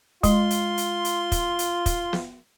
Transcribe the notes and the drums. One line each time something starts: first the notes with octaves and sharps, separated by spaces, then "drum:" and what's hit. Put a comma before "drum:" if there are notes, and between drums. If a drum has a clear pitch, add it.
G#3 F4 C6, drum: kick, hi-hat
drum: hi-hat
drum: hi-hat
drum: hi-hat
drum: kick, hi-hat
drum: hi-hat
drum: kick, hi-hat
drum: snare